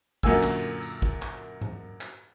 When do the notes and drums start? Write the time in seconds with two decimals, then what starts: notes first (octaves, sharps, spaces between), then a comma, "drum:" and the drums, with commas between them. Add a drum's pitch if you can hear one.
0.23 F#2 A#2 D3 A#3 G#5 E6, drum: kick G#1
0.43 drum: clap
0.83 drum: tambourine
1.02 drum: kick G#1
1.22 drum: clap
1.61 drum: tom G#2
2.01 drum: clap